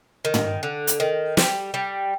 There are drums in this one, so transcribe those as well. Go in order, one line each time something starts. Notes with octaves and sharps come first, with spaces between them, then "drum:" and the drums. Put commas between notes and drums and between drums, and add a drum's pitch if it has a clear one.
D#3
drum: tom
D3
drum: hi-hat
D#3
G3, drum: snare
G3